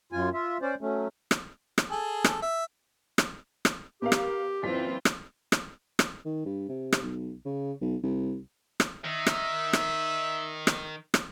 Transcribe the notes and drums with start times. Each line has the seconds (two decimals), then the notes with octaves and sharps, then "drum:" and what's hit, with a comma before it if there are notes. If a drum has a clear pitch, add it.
0.12 F#2 F4 G#5
0.34 F4 E5
0.62 C#4 C5 D5
0.81 F#3 A3 C#4
1.31 drum: rim click
1.78 drum: rim click
1.91 G#4 A4
2.24 drum: rim click
2.42 E5
3.18 drum: rim click
3.65 drum: rim click
4.02 B3 G4 A#4 F5
4.12 drum: rim click
4.63 F#1 E3 C4 F4 B6
5.05 drum: rim click
5.52 drum: rim click
5.99 drum: rim click
6.25 D#3
6.46 G2
6.69 C3
6.92 drum: rim click
7.03 B1
7.45 C#3
7.81 B1
8.03 C2
8.80 drum: rim click
9.05 D#3 E5
9.27 drum: rim click
9.73 drum: rim click
10.67 drum: rim click
11.14 drum: rim click